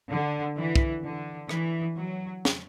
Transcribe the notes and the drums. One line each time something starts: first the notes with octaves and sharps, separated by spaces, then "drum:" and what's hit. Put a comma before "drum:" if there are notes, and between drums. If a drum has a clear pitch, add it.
D3
E3
drum: kick
D3
E3, drum: rim click
F#3
drum: snare